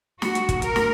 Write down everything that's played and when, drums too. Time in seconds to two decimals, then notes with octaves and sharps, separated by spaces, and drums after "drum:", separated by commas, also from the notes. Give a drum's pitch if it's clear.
0.22 F#4, drum: snare
0.35 drum: hi-hat
0.49 drum: kick, hi-hat
0.62 A#4, drum: hi-hat
0.76 drum: snare